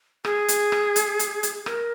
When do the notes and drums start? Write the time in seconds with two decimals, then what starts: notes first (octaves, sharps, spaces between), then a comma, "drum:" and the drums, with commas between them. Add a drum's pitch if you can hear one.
0.25 G#4, drum: rim click
0.48 drum: hi-hat
0.72 drum: rim click
0.96 drum: hi-hat
1.19 drum: hi-hat
1.43 drum: hi-hat
1.66 A#4, drum: rim click